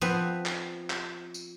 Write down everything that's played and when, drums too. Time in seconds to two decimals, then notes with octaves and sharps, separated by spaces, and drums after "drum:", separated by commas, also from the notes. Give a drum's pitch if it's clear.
0.01 F3 B3 C4 B4, drum: tambourine
0.46 drum: clap
0.90 drum: clap
1.34 drum: tambourine